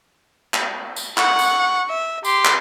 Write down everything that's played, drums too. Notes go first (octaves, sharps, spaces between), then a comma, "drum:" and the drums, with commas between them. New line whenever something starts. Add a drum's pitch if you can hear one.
drum: clap
drum: tambourine
F#5 C#6, drum: clap
drum: tambourine
E5
G4 C6, drum: tambourine
drum: clap